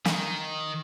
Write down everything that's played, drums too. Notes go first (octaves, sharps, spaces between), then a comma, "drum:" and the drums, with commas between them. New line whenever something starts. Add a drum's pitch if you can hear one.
D#3, drum: snare